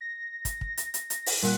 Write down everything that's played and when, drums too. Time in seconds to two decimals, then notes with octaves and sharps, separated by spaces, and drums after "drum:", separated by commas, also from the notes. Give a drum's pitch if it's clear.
0.01 A#6
0.45 drum: kick, hi-hat
0.61 drum: kick
0.77 drum: hi-hat
0.94 drum: hi-hat
1.10 drum: hi-hat
1.26 drum: open hi-hat
1.43 A#2 G3 F#5 F#6